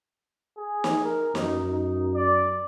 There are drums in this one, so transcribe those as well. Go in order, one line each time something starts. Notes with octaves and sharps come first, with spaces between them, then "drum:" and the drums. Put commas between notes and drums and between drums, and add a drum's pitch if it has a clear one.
G#4
drum: snare
A#4
F#2 D#4, drum: snare
D#4
D5